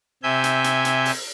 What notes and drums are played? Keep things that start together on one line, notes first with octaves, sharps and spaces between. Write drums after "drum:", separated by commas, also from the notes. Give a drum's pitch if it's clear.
C3 E5 G#5 G6
drum: hi-hat
drum: hi-hat
drum: hi-hat
drum: open hi-hat